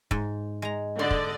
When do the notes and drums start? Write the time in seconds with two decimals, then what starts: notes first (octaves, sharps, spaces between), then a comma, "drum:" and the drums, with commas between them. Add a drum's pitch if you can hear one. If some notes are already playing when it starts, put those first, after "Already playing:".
0.11 G#2, drum: kick
0.62 G#3 A#5
0.99 D3 D5 D#5 C6
1.11 drum: kick